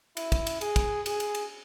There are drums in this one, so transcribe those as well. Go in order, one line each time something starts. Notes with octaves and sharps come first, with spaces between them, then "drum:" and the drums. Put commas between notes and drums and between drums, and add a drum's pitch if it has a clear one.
E4, drum: cymbal
drum: kick, cymbal
drum: cymbal
G#4, drum: cymbal
drum: kick, cymbal
G#4, drum: cymbal
drum: cymbal
drum: cymbal